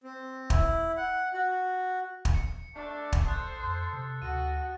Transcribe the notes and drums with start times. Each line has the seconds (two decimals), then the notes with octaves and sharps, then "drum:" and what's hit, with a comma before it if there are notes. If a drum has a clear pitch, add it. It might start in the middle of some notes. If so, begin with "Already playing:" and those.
0.04 C4
0.50 E4, drum: kick
0.97 F#5
1.34 F#4
2.25 drum: kick
2.34 C#7
2.75 A3 D4
3.13 drum: kick
3.27 A#1 A4 C5 D#6 F#6 A6
3.63 F2
3.93 C3
4.22 D2 F#4 D#7